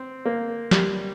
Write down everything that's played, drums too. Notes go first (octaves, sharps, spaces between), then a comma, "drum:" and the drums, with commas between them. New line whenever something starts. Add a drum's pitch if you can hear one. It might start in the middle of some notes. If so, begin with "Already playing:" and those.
Already playing: C4
A#3
G3, drum: snare